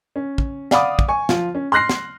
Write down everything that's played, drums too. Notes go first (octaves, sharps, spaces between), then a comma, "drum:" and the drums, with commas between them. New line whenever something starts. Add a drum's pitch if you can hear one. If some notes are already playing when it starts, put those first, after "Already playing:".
C#4
drum: kick
D5 F5 F#5 B5 D6 D#6, drum: snare
drum: kick
G#5 C#6
F3 F4, drum: snare
C#4
C6 F6 F#6 A#6 C7
drum: snare